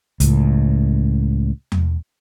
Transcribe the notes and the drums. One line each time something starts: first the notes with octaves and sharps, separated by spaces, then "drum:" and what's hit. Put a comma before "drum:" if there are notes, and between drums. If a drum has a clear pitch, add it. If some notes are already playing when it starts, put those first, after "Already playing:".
C#2 A2, drum: hi-hat
drum: tom E2